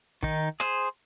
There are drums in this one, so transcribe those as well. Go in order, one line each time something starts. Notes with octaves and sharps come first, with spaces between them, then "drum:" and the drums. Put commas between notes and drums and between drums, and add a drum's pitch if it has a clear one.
D#3 D#4, drum: kick
G#4 C5, drum: rim click